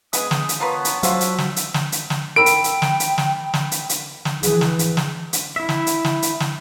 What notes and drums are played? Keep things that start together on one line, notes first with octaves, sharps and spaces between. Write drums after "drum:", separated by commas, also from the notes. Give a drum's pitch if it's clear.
G#3 B3 G#4 D#6, drum: hi-hat
drum: snare
drum: hi-hat
B3 F4 A#4 B4 C#5 F#5 A5
drum: hi-hat
F#3 F4 C5 E5 F5, drum: hi-hat
drum: hi-hat
drum: snare
drum: hi-hat
drum: snare
drum: hi-hat
drum: snare
A#4 G5 B5 E6 D7
drum: hi-hat
drum: hi-hat
drum: snare
drum: hi-hat
drum: snare
drum: snare
drum: hi-hat
drum: hi-hat
drum: snare
E3 G#4, drum: hi-hat
drum: snare
drum: hi-hat
drum: snare
drum: hi-hat
E4 E5
drum: snare
drum: hi-hat
drum: snare
drum: hi-hat
drum: snare